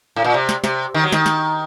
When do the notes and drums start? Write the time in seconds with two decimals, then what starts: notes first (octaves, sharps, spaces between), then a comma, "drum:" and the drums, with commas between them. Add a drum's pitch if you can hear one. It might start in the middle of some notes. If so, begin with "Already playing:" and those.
0.16 A2
0.24 A#2
0.34 C3
0.49 drum: snare
0.64 C3, drum: snare
0.94 D#3
1.04 F#3
1.12 D#3, drum: snare
1.26 drum: snare